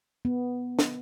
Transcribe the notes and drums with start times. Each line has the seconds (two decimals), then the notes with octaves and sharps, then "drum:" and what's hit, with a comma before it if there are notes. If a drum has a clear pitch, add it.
0.25 B3
0.79 drum: snare